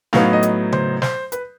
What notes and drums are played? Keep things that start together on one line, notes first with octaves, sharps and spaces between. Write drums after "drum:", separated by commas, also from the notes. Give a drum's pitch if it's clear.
A2 F#3 B3 D#4 F5, drum: snare
D#5
drum: hi-hat
C5, drum: tom C#3
C5, drum: snare
B4, drum: hi-hat